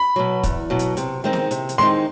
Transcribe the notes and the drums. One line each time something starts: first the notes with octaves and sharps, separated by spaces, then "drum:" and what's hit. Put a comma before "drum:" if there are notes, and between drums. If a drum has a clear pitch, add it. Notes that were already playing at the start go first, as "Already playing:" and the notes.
Already playing: B5
B2 F#3
E2, drum: kick, hi-hat
B2 F#3
drum: hi-hat
C3, drum: hi-hat
D#3 G#3 C4 D#4
drum: snare
C3, drum: hi-hat
drum: hi-hat
D#3 G#3 C4 D#4 C6